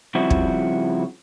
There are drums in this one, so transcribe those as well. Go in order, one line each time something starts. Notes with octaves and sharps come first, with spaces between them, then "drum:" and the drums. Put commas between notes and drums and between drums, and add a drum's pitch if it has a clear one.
C#3 F3 G3 C4 E4 F#4
drum: kick